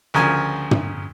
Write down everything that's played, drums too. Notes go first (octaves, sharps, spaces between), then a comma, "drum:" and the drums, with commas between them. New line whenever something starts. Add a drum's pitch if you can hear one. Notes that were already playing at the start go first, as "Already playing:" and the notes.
D2 C#3 F3 A#4 G#5
drum: tom